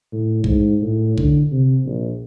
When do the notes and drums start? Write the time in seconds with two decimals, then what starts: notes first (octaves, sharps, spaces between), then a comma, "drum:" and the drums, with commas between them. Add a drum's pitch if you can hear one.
0.12 A2
0.44 G#2, drum: kick A#1
0.82 A2
1.18 D3, drum: kick A#1
1.51 C3
1.85 A#1